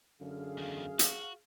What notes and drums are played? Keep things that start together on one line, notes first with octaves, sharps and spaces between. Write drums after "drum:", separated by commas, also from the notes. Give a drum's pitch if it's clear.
F#2 D3 G#4 F5
E2 D#3
F#4, drum: hi-hat